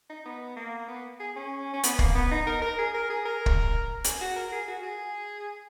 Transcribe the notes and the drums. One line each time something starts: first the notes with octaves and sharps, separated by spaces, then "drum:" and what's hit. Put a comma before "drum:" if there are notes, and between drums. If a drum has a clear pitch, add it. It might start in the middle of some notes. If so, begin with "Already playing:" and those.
D#4
B3
A#3
B3
G#4
C#4
C#4
B3, drum: hi-hat
A#3, drum: kick
B3
D#4
A#4
A#4
G#4
A#4
G#4
A#4
drum: kick
G#4, drum: hi-hat
F#4
A#4
G#4
F#4
G#4